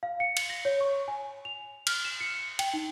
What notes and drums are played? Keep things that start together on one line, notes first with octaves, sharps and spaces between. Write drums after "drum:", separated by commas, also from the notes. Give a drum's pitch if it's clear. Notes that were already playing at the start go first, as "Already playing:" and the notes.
F5
C#7
drum: cymbal
A#6
C#5
C#6
G#5
F7
F6, drum: cymbal
E7
C#7
G5, drum: cymbal
D#4